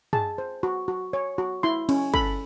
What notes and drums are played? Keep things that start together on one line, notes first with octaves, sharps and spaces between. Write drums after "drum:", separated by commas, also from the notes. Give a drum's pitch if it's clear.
G#4 A5, drum: tom
C5
F#4
F#4
C#5
F#4
E4 C6
C#4, drum: cymbal
A4 B5, drum: kick